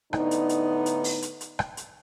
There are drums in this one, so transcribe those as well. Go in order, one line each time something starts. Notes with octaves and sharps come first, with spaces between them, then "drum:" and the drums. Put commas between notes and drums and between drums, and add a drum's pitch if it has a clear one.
A2 D3 B3 D4 D#4, drum: rim click
drum: hi-hat
drum: hi-hat
drum: hi-hat
drum: open hi-hat
drum: hi-hat
drum: hi-hat
drum: rim click
drum: hi-hat